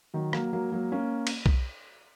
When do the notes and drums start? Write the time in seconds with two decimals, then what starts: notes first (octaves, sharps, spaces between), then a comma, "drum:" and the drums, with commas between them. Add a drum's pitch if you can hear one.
0.14 D#3 F#3
0.33 F#3 A#3, drum: rim click
0.53 F#3 A#3
0.72 F#3 A#3
0.92 A#3 C#4
1.27 drum: cymbal
1.46 drum: kick B1